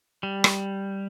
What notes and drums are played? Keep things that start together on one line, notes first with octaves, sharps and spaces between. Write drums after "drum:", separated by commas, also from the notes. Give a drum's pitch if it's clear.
G3
drum: rim click